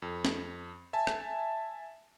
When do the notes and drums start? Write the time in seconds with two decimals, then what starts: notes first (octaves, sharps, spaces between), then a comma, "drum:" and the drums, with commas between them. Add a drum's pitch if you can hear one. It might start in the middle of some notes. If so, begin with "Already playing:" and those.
0.02 F2
0.25 drum: snare
0.93 E5 G#5 A5
1.07 drum: rim click